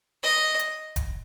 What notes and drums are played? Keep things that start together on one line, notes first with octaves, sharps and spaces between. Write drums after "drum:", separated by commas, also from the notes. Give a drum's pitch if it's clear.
D#5
drum: hi-hat
drum: kick E1, hi-hat